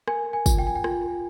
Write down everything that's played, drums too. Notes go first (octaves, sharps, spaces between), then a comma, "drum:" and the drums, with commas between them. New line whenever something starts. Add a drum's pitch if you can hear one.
A#4 G#5, drum: rim click
G#5
F4, drum: kick, tambourine
G5
G#5
G5
F4, drum: rim click